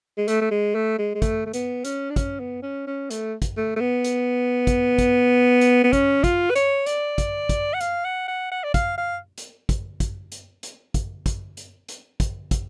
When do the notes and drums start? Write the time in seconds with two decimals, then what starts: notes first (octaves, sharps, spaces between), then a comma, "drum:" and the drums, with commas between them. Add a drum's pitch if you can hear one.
0.18 G#3
0.28 A3, drum: hi-hat
0.41 A3
0.51 G#3
0.75 A3
0.99 G#3
1.15 G#3
1.22 A3, drum: kick, hi-hat
1.46 A3
1.53 B3, drum: hi-hat
1.85 C#4, drum: hi-hat
2.10 D4
2.16 C#4, drum: kick, hi-hat
2.40 B3
2.63 C#4
2.87 C#4
3.10 A3, drum: hi-hat
3.42 drum: kick, hi-hat
3.57 A3
3.76 A3
3.80 B3
4.04 drum: hi-hat
4.67 drum: kick, hi-hat
4.98 drum: kick, hi-hat
5.61 drum: hi-hat
5.84 B3
5.93 C#4, drum: kick, hi-hat
6.24 F4, drum: kick, hi-hat
6.50 B4
6.55 C#5, drum: hi-hat
6.86 D5, drum: hi-hat
7.18 drum: kick, hi-hat
7.49 drum: kick, hi-hat
7.74 F#5
7.80 F5, drum: hi-hat
8.05 F#5
8.28 F#5
8.52 F#5
8.64 D5
8.74 F5, drum: kick, hi-hat
8.98 F5
9.38 drum: hi-hat
9.69 drum: kick, hi-hat
10.00 drum: kick, hi-hat
10.32 drum: hi-hat
10.63 drum: hi-hat
10.94 drum: kick, hi-hat
11.26 drum: kick, hi-hat
11.57 drum: hi-hat
11.88 drum: hi-hat
12.20 drum: kick, hi-hat
12.51 drum: kick, hi-hat